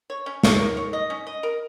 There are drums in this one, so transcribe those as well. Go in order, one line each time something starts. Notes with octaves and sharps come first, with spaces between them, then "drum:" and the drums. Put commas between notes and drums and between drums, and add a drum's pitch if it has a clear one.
C#5
C#4
C#5, drum: snare
A#4
C#5
D#5
C#4
D#5
A#4